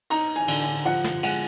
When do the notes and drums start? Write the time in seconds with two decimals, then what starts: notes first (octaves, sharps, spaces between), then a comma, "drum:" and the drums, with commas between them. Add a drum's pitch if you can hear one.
0.10 D#4 A#5, drum: cymbal
0.36 G#5
0.48 D3, drum: cymbal
0.61 G#5
0.85 F3 F#5
1.04 drum: snare
1.23 G#3 F#5, drum: cymbal